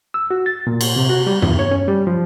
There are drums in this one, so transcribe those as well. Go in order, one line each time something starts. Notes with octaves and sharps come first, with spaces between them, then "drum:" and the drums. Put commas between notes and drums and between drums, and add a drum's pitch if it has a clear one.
E6
F#4
A6
A#2
drum: cymbal
C3
F#4
G3
E2, drum: tom G2
C#5
C#4
G3
F3